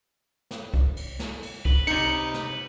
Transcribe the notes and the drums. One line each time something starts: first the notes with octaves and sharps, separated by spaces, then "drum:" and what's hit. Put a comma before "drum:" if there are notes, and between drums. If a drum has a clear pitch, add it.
drum: snare
drum: kick C2
drum: cymbal
drum: snare
drum: cymbal
B4, drum: kick C2
C3 D#4 C#7, drum: cymbal
drum: snare